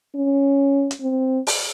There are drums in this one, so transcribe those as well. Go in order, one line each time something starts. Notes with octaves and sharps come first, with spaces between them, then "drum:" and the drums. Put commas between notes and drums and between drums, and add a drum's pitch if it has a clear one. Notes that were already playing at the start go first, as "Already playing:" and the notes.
C#4
drum: hi-hat
C4
drum: open hi-hat